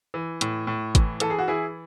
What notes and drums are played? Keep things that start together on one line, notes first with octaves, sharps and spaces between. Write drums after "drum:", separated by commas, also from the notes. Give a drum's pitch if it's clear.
E3
A2, drum: hi-hat
A2
E3, drum: kick, hi-hat
E3 A4, drum: hi-hat
G#4
F#4
E3 E4 G#4